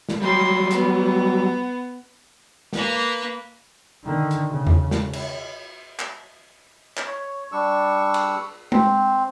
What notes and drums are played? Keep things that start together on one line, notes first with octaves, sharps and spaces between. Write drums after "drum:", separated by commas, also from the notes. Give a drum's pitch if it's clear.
drum: snare
F#3 G3 B5 C6
B3, drum: hi-hat
A#3 B4, drum: snare
D3 D#3
drum: hi-hat
C#3
drum: tom E2
drum: snare
drum: cymbal
drum: clap
drum: clap
C#5
G3 D4 C#6 E6
drum: cymbal
C4, drum: tom G#3